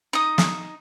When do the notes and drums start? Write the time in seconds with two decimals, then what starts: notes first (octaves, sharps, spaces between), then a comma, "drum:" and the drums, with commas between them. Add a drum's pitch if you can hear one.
0.13 D#4 D#6
0.38 drum: snare